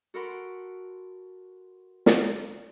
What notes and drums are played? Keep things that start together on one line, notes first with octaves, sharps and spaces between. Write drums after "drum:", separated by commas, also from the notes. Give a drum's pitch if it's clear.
F#4 A4 A#4 F#5 B5 C6
drum: snare